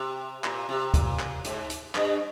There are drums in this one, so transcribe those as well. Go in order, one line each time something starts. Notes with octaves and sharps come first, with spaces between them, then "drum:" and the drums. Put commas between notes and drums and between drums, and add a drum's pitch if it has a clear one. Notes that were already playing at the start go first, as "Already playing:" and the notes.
Already playing: C3
A#2, drum: clap
C3
A#2, drum: kick, hi-hat
drum: clap
G#2, drum: hi-hat
drum: hi-hat
G2, drum: clap